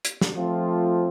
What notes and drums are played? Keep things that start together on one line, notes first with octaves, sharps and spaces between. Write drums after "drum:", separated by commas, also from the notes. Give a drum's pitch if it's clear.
drum: hi-hat
drum: snare
F3 A3 C4 F4